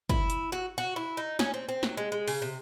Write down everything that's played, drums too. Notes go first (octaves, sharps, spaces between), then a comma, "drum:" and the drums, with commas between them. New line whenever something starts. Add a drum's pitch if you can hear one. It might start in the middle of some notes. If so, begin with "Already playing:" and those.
E4, drum: kick
drum: hi-hat
F#4
F#4
E4
D#4
C#4, drum: snare
C4
C4
F#3, drum: snare
G#3
G#3
C#3, drum: open hi-hat
C3